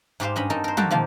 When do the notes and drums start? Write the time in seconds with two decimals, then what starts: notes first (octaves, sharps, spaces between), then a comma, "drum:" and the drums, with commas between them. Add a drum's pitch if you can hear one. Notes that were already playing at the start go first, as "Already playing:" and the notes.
0.20 G#2 G4 C5 F5
0.36 G2 C#4 D#5 B5
0.50 C4 D#4 A4 A#4
0.64 A#4 C5
0.77 F#4 G4 A4 F5 G5, drum: tom
0.91 D#3 F3 A#3 F4